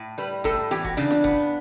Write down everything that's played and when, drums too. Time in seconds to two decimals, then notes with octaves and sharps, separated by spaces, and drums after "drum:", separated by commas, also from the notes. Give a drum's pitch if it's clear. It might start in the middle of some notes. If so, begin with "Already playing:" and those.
Already playing: A2
0.18 G3 B4
0.44 A2 A4, drum: kick F1
0.71 E3 G4, drum: snare
0.84 F#4, drum: kick F1
0.97 C#3 D4
1.10 drum: snare
1.24 B3, drum: kick F1